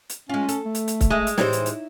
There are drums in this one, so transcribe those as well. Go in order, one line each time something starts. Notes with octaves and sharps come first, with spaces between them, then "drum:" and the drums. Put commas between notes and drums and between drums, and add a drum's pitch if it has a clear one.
drum: hi-hat
G#3 C#4 F4
A4, drum: hi-hat
A3
drum: hi-hat
drum: hi-hat
drum: kick C#1, hi-hat
G#3 D#5 E5
drum: hi-hat
A2 E3 G3 D#4 E4 C5 C#5, drum: snare
drum: hi-hat
drum: hi-hat